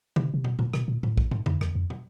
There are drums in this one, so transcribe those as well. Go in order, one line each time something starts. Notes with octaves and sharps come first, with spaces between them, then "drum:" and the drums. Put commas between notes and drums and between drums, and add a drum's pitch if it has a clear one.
C3, drum: tom
C3
B2, drum: tom
A#2, drum: tom A2
B2, drum: rim click
A#2
A2, drum: tom A2
drum: kick
G#2, drum: tom
F2, drum: tom
E2, drum: rim click
F2
drum: tom